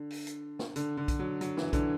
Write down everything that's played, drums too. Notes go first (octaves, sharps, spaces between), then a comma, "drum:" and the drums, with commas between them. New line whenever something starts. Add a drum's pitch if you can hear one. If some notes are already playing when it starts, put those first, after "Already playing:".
Already playing: D3
drum: open hi-hat
drum: hi-hat
drum: snare
D3, drum: hi-hat
D3
drum: kick B1, hi-hat
F#3
F#3, drum: hi-hat
E3, drum: snare
D3, drum: kick B1, hi-hat